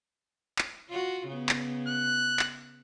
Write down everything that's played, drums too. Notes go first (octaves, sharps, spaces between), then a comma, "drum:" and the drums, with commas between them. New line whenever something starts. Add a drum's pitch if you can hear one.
drum: clap
F4 F#4
C#3 B3
drum: clap
F#6
drum: clap